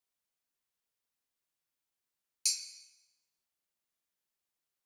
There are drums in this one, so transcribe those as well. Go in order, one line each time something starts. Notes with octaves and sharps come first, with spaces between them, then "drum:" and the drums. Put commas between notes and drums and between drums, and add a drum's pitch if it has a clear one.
F2 G3 E5
C4 D4 G#4 A#4 D#5 F#5
F4
B3 C4 C5 A5
B1 F3
drum: tambourine
F#2 F3 G#3 E5 F5 A5 A#5